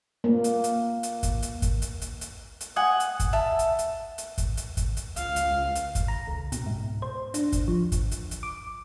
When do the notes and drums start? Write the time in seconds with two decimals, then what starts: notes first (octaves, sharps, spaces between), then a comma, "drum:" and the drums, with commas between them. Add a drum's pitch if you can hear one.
0.24 A#3
0.44 drum: hi-hat
0.64 drum: hi-hat
1.03 drum: hi-hat
1.23 drum: kick, hi-hat
1.42 drum: hi-hat
1.62 drum: kick, hi-hat
1.82 drum: hi-hat
2.01 drum: hi-hat
2.21 drum: hi-hat
2.61 drum: hi-hat
2.76 F#5 G#5 D#6
3.00 drum: hi-hat
3.20 drum: kick, hi-hat
3.33 E5 A5
3.59 drum: hi-hat
3.79 drum: hi-hat
4.18 drum: hi-hat
4.38 drum: kick, hi-hat
4.57 drum: hi-hat
4.77 drum: kick, hi-hat
4.97 drum: hi-hat
5.16 C#2 F5, drum: hi-hat
5.36 drum: hi-hat
5.75 drum: hi-hat
5.95 drum: kick, hi-hat
6.08 A#5
6.27 C#2
6.52 B2, drum: hi-hat
6.66 G#2
7.02 C5
7.34 D4, drum: hi-hat
7.52 drum: kick, hi-hat
7.68 F3
7.92 drum: kick, hi-hat
8.11 drum: hi-hat
8.31 drum: hi-hat
8.43 D6